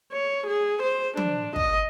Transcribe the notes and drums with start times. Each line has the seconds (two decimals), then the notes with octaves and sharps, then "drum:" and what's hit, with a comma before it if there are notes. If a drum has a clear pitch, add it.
0.12 C#5
0.47 G#4
0.82 C5
1.17 D4, drum: tom F3
1.56 D#5, drum: kick